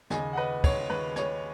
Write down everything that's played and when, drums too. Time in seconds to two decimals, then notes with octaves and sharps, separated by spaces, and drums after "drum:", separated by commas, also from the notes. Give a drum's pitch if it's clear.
0.10 D#2 C#3 D#5 G#5, drum: snare
0.33 F#5
0.36 B4 D#5
0.64 C#5, drum: kick, cymbal
0.90 D#2 C#3 B4
1.16 C#5, drum: snare